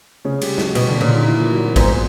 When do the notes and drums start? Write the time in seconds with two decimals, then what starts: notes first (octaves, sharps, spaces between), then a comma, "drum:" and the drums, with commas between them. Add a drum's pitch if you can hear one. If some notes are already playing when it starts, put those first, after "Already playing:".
0.25 C#3 C#4
0.41 G3 G4, drum: cymbal
0.58 F#3 F#4, drum: snare
0.75 B2 G3 G4, drum: cymbal
0.88 D3 D4
1.00 A#2 C#3 C#4
1.13 D#3 D#4
1.25 E3 E4
1.38 F3 F4
1.50 F#3 F#4
1.64 C4 C5
1.76 G#2 B3 B4, drum: kick G#1, cymbal